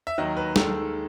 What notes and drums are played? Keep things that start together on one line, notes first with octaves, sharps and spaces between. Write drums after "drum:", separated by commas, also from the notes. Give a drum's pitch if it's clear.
E5
D#2 D#3 F#3 D#5
B4
D#2 D#3 G#3 A4, drum: snare